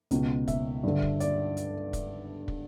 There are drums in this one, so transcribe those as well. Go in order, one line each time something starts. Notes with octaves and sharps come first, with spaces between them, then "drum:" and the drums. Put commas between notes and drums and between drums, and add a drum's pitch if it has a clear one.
C#2 B2, drum: hi-hat
E5, drum: kick, hi-hat
G2 D3
drum: kick
D5, drum: hi-hat
drum: hi-hat
drum: kick, hi-hat
drum: kick